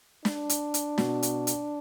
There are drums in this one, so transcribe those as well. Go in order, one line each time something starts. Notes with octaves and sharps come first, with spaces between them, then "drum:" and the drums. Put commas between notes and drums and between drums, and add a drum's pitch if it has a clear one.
D4, drum: snare
drum: hi-hat
drum: hi-hat
B2, drum: snare
drum: hi-hat
drum: hi-hat